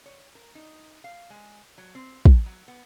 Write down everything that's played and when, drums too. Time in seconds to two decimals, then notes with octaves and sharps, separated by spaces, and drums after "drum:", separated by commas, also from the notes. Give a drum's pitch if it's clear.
0.06 C#5
0.35 A#4
0.55 D#4
1.04 F5
1.30 G#3
1.78 F#3
1.95 C4
2.25 B2, drum: kick
2.46 F#3
2.68 B3